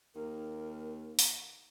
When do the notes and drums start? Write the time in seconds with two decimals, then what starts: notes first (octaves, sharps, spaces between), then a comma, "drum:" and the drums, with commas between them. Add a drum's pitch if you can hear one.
0.15 D#2 A#4
1.19 drum: open hi-hat